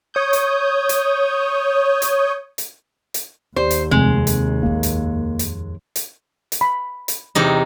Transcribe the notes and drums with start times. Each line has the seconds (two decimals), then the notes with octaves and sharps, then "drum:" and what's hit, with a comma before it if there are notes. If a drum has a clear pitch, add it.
0.14 C#5 D#6 G6
0.33 drum: hi-hat
0.89 drum: hi-hat
2.02 drum: hi-hat
2.58 drum: hi-hat
3.14 drum: hi-hat
3.56 D#2 G4 C5 D5
3.71 drum: hi-hat
3.91 F1 C3 G#3
4.27 drum: hi-hat
4.63 A1 F2 A#3
4.83 drum: hi-hat
5.39 drum: hi-hat
5.96 drum: hi-hat
6.52 drum: hi-hat
6.61 B5
7.08 drum: hi-hat
7.35 E2 C3 D#4